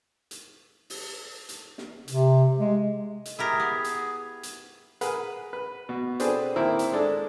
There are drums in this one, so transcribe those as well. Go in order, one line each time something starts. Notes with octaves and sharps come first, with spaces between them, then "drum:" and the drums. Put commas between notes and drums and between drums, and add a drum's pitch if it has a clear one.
drum: hi-hat
drum: open hi-hat
drum: hi-hat
drum: snare
C3, drum: hi-hat
G#3
drum: hi-hat
E4 G4 G#4 A#4
B3
drum: hi-hat
drum: hi-hat
G#4 A#4 B4 F#5, drum: hi-hat
B4
B2
C4 D4 G#4 A4 B4 C5, drum: hi-hat
D#3 A#3 C4 E4
drum: hi-hat
G#3 D4 A4